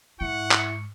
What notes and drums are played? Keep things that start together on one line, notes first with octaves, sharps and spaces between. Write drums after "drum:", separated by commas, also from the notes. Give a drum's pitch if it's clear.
G#2 E4 F#5 C#6
drum: clap